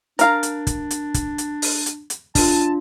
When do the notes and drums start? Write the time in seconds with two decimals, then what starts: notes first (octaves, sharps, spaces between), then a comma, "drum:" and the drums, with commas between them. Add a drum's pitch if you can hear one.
0.19 D4 A#4 F5 A#5, drum: hi-hat
0.43 drum: hi-hat
0.67 drum: kick, hi-hat
0.91 drum: hi-hat
1.14 drum: kick, hi-hat
1.38 drum: hi-hat
1.62 drum: open hi-hat
1.86 drum: hi-hat
2.10 drum: hi-hat
2.35 D4 F4 A5, drum: kick, open hi-hat